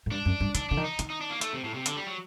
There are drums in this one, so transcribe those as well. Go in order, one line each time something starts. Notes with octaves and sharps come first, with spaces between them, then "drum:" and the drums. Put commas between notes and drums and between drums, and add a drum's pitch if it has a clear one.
A2
G2 D4
F#2
G2
D#3 D4, drum: hi-hat
D3 D4
D#3
D#4
D#3, drum: hi-hat
D#4
D4
A#3
A3, drum: hi-hat
C3
A2
C3
D3, drum: hi-hat
G3
F#3